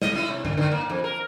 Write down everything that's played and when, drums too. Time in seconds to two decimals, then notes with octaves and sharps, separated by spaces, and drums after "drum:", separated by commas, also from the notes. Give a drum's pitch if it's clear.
0.02 D#5, drum: snare
0.15 E4
0.29 C3
0.45 D3, drum: tom G2
0.58 D3
0.72 A#3
0.90 F2
1.04 A#4